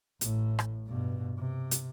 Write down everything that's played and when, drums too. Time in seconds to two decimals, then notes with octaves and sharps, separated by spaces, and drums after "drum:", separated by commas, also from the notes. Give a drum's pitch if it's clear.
0.21 A1 A2, drum: hi-hat
0.59 drum: rim click
0.87 G2 B2
1.38 C3
1.71 drum: hi-hat